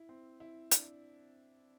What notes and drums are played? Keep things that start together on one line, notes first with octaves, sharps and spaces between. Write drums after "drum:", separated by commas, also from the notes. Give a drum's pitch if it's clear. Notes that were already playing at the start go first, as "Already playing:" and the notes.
Already playing: E4
C4
E4
D4, drum: hi-hat